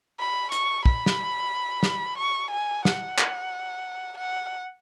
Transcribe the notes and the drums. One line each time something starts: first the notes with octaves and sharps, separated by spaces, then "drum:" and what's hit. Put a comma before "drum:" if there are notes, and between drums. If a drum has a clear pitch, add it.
B5
C#6, drum: hi-hat
B5, drum: kick
drum: snare
drum: snare
C#6
G#5
F#5, drum: snare
drum: clap
F#5